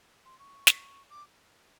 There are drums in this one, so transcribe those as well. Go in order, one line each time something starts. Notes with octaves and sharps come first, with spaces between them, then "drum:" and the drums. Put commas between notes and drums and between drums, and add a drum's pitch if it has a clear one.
C6
C#6
drum: snare
D6